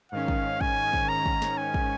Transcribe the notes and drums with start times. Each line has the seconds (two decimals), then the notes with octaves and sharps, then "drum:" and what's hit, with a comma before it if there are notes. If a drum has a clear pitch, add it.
0.12 G#2 D#3 C#4 F5
0.28 drum: kick
0.61 G#5, drum: kick
0.93 drum: kick
1.09 A#5
1.26 drum: kick
1.42 drum: snare
1.58 G#5
1.74 drum: kick